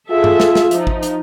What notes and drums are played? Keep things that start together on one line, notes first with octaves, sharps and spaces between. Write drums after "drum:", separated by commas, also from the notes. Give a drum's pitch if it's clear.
F4 G#4 A4 E5
drum: tom G2
drum: snare
drum: snare
F3 D#4, drum: hi-hat
drum: kick
drum: hi-hat